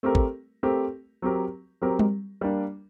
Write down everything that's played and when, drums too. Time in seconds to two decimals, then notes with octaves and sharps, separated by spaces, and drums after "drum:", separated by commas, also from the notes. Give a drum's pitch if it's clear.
0.03 A3 C4 G4 A#4
0.15 drum: kick
0.63 A3 C4 G4 A#4
1.22 F#3 C4 G4 A#4
1.81 F#3 C4 G4 A#4
1.99 drum: tom G3
2.41 G3 A#3 D4